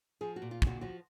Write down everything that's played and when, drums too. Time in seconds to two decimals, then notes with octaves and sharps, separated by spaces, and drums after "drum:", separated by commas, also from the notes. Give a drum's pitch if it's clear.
0.21 F3 G#4
0.36 F#4
0.42 A#2
0.51 F4
0.62 A#2 F#4, drum: kick
0.81 F3 F#4